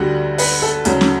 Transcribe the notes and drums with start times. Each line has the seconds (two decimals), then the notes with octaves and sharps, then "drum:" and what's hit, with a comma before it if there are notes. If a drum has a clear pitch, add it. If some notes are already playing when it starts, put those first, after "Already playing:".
Already playing: D2 D3 G3 F#4 F#5
0.38 B4, drum: open hi-hat
0.62 A4
0.85 D2 C#3 F#3, drum: hi-hat
1.01 drum: snare